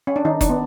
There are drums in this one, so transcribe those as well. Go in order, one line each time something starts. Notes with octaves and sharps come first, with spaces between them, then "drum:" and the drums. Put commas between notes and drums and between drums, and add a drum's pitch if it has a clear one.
C#4
D4
D#3 D#4
D4, drum: kick F#1, hi-hat
B3